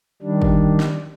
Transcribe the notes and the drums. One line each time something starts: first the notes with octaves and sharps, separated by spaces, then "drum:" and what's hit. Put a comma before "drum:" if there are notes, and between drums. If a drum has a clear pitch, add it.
D#3 G3 D4
drum: kick G1
drum: snare